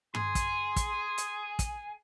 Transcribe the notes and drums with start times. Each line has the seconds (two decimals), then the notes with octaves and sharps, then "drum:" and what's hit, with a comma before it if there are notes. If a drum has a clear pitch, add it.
0.15 G#4 C6, drum: tom G2
0.35 drum: kick, hi-hat
0.76 drum: kick, hi-hat
1.18 drum: hi-hat
1.59 drum: kick, hi-hat